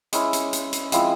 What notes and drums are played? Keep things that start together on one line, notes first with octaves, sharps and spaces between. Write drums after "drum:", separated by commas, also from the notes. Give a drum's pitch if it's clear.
G#3 C#4 E4, drum: hi-hat
drum: hi-hat
drum: hi-hat
drum: hi-hat
F3 G#3 C4 E4, drum: hi-hat